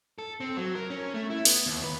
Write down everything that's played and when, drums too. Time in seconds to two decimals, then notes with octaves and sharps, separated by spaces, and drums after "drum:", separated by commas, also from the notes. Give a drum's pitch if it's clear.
0.18 A4
0.40 C4
0.57 F#3
0.75 A#4
0.90 C#4
1.14 A3
1.30 E4
1.45 B3, drum: open hi-hat
1.66 D#2
1.84 B4